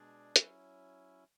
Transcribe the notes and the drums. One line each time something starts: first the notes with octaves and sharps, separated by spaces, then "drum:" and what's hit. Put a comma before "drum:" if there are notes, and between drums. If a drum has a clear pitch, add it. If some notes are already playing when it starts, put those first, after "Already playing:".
Already playing: B2 G#3 D4 G#4 D5
F#3 C#4 E4, drum: hi-hat